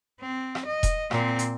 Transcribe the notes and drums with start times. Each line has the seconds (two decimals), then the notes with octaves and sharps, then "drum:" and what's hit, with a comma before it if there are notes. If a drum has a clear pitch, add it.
0.21 C4
0.55 drum: rim click
0.66 D#5
0.83 drum: kick E1, hi-hat
1.11 A#2 C4, drum: rim click
1.39 drum: hi-hat